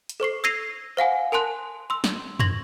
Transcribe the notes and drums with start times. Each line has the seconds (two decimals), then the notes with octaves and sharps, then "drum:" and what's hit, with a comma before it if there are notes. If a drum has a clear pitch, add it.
0.09 drum: hi-hat
0.20 A4 C5 C#6 C7
0.44 E6 G#6 A#6 C7 D#7 F7
0.97 C5 F5 F#5 G#5
1.32 A#4 G#5 A5 C6 F#6
1.90 C6 E6
2.04 drum: snare
2.39 C6 C#6 G#6 A#6 F#7, drum: tom